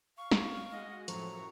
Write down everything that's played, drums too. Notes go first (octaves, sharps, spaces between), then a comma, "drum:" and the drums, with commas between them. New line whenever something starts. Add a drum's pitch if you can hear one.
F5 C#6
drum: snare
G#3 F#4 D#5
F#2 A2 F3 F#3 A4 C5 A#5 C#6, drum: hi-hat